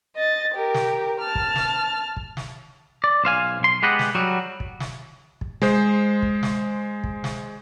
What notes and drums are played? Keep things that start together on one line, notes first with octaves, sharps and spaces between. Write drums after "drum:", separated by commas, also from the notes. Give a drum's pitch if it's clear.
D#5 A6
G4 A#4
drum: snare
A5 F6
drum: kick
drum: snare
drum: kick
drum: snare
D5
B1 C5 F5 G#5
B1 C6
G#3 B3 G4 B4 D#5 F#5
drum: snare
F#3 G3 F#4
drum: kick
drum: snare
drum: kick
G#3 C5, drum: snare
drum: kick
drum: snare
drum: kick
drum: snare